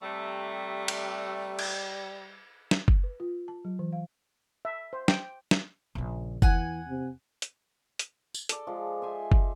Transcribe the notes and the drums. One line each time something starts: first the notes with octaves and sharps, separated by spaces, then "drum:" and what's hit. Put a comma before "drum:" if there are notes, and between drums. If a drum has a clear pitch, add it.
C3 G3 A3
drum: cymbal
drum: cymbal
drum: snare
drum: kick F#1
B4
F4
A5
F#3
E3
F5
E5
C5
G5, drum: snare
drum: snare
A#1 C#3
E2 E3 F#5 G#5, drum: kick F#1
C3
drum: hi-hat
drum: hi-hat
drum: tambourine
A4 D5, drum: hi-hat
F3 G#3
C5 E5 G#5
drum: kick F#1